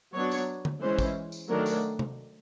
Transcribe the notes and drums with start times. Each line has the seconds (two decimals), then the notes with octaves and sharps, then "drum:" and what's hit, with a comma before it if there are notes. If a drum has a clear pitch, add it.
0.14 F#3 B3 D4 C#5
0.31 drum: tambourine
0.65 drum: tom D3
0.81 E3 G#3 C#4 C5
0.99 drum: kick, tambourine
1.32 drum: tambourine
1.49 D#3 F#3 A3 D4 A#4
1.66 drum: tambourine
1.99 drum: tom C3